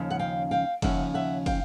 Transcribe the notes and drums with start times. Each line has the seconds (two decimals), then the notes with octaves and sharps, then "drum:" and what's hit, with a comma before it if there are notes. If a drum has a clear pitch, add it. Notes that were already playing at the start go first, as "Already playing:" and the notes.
Already playing: D#2 C#3 F3 C#4
0.10 F#5
0.19 F5 G5
0.51 F5 G5
0.82 D#2 C#3 F3 C#4 E5 F#5, drum: kick, cymbal
1.14 E5 F#5
1.46 F5 G5, drum: kick, cymbal